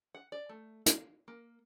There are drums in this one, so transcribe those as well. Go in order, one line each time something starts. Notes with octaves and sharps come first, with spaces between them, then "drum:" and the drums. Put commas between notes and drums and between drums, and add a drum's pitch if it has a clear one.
F#5
D5
A3
F5, drum: hi-hat
A#3